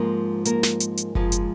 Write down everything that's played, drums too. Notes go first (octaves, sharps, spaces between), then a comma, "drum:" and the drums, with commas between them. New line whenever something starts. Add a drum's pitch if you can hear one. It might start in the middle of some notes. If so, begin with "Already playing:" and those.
Already playing: G#2 F3 G#3 A#3 A#4
A#3 A#4, drum: hi-hat
drum: snare
drum: hi-hat
drum: hi-hat
G#2 F3 G#3, drum: kick F#1
drum: hi-hat